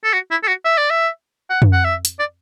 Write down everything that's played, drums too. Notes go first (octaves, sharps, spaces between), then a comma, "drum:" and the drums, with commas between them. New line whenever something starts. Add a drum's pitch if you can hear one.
A4
F#4
E4
A4
F#4
E5
D5
E5
F#5
drum: tom
F#5
E5
drum: hi-hat
D5